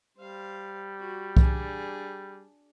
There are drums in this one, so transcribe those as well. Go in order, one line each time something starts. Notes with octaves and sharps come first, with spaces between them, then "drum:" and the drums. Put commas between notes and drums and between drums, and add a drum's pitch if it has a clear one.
G3 C5 F5
F#4
D4 G#4, drum: kick C2